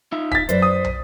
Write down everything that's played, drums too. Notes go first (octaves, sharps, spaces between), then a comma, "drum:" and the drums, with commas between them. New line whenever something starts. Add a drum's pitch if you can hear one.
D#4 F4 E5
A6 B6, drum: kick
F#2 B4 C5 D5, drum: hi-hat
D#6
drum: tom